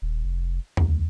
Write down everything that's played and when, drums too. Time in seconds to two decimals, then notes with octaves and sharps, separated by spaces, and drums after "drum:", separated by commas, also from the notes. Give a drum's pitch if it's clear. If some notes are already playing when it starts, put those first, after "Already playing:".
0.02 D#1
0.25 F1
0.77 D2, drum: tom E2